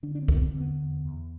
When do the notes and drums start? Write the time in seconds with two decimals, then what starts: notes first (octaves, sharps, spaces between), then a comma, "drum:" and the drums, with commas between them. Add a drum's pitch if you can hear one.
0.03 D3 D4
0.15 D4
0.22 C4
0.28 E2, drum: kick
0.35 B3
0.41 C4
0.54 D3
0.60 B3
0.79 E2
1.05 E2